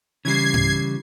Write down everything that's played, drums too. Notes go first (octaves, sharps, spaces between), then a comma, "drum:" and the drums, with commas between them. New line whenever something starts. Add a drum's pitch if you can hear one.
C#3 E3 G3 G#6 C7
drum: tom G#2